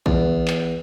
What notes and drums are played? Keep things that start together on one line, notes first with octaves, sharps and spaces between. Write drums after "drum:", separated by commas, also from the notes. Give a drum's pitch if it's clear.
E2, drum: kick A#1
drum: clap